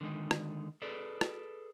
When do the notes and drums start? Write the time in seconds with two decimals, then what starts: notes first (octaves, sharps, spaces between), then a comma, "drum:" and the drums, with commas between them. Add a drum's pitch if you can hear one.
0.01 D3 D#3 G#3 D#4
0.31 drum: rim click
0.82 G#4 A4 B4 D5
1.21 drum: rim click